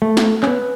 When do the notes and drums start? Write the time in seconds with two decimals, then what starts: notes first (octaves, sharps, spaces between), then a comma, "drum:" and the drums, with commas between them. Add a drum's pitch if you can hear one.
0.02 A3
0.17 drum: snare
0.43 C#4, drum: clap
0.47 B3